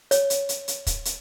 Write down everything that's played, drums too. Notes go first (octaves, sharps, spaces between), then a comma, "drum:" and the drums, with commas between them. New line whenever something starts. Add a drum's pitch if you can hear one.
C#5, drum: hi-hat
drum: hi-hat
drum: hi-hat
drum: hi-hat
drum: kick, hi-hat
drum: hi-hat